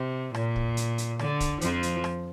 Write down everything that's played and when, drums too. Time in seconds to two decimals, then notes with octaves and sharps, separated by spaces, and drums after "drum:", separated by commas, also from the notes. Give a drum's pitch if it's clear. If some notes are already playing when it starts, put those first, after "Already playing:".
Already playing: C3
0.35 A#2, drum: rim click
0.56 drum: kick
0.77 drum: hi-hat
0.98 drum: hi-hat
1.19 D3, drum: rim click
1.40 drum: kick, hi-hat
1.61 F2 F3, drum: hi-hat
1.83 drum: hi-hat
2.04 drum: rim click